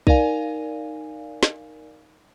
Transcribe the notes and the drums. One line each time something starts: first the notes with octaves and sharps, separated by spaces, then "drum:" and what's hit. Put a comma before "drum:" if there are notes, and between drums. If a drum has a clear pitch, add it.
D#4 A#4 D5 F5 G#5, drum: kick B1
drum: snare